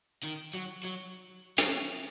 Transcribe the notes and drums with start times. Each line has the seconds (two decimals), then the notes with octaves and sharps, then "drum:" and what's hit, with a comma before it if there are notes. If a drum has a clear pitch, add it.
0.23 D#3
0.54 F#3
0.83 F#3
1.58 F#3, drum: hi-hat